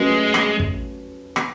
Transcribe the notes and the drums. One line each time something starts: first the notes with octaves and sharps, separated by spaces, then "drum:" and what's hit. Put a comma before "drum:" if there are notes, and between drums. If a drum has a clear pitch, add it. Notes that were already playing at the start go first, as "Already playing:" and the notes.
Already playing: F#3 G#3 A3 C#4 F#4 B4
drum: rim click
drum: kick
drum: rim click